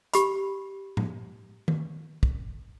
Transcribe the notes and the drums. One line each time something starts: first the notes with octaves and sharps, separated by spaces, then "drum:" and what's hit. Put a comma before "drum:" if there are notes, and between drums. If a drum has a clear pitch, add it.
G4 B5, drum: hi-hat
drum: tom A2
drum: tom D#3
drum: kick